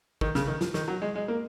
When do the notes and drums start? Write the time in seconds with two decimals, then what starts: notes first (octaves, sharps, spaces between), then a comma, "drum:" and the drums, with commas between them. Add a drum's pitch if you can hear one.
0.21 D#3, drum: kick
0.35 C#3, drum: snare
0.47 D#3
0.61 F3, drum: snare
0.74 D#3, drum: snare
0.88 F#3
1.02 G#3
1.15 G#3
1.28 A#3